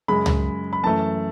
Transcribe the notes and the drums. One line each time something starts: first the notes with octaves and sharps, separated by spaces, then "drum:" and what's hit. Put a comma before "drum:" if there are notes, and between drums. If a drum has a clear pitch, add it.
F#2 C#3 G#3 B5
drum: tom C#2
B5
F#2 E3 A3 A5